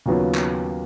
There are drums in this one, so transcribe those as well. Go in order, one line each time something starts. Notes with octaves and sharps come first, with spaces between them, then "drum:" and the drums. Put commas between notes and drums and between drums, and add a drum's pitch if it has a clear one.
D#2 C#3 F#3 B3 F4
drum: clap